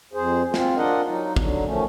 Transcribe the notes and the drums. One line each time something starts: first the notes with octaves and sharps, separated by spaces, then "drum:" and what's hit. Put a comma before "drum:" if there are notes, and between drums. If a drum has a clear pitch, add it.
F2 G#4 C5
C4 F4, drum: snare
D4 F4 A#4 D#5 F#5
F#3 D#4
D3 F#3, drum: kick
D#3 F3 A3 C#4